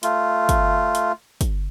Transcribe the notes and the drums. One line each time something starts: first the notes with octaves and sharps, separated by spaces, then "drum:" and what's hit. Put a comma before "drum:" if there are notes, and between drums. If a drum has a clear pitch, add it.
A3 F4, drum: hi-hat
drum: kick, hi-hat
drum: hi-hat
drum: kick, hi-hat